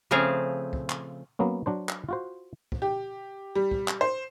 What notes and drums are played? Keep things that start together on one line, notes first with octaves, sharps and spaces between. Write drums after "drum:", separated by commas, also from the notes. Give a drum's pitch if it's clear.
C#3 F3 A3 C4 G#4 F5
drum: kick
drum: clap
F#3 A#3 B3 C#4
F#3 D4 C5
drum: clap
F4 F#4 C5
drum: kick
G4
G3
drum: kick
drum: clap
C5